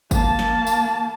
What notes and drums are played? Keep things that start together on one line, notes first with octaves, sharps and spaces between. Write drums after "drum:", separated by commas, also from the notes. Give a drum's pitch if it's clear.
A#3 A5, drum: kick G1, tambourine
drum: snare
drum: tambourine